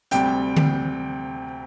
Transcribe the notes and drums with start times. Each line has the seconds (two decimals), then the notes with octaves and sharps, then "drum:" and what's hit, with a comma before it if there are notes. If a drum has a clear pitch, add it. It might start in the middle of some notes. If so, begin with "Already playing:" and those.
0.11 D2 C3 G3 C4 G5, drum: hi-hat
0.56 drum: tom D3